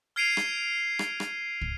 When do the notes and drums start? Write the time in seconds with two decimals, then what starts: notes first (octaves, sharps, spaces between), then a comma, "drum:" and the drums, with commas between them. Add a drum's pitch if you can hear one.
0.16 F6 G#6 C7 D7 D#7 F7
0.37 drum: rim click
0.99 drum: rim click
1.20 drum: rim click
1.61 drum: kick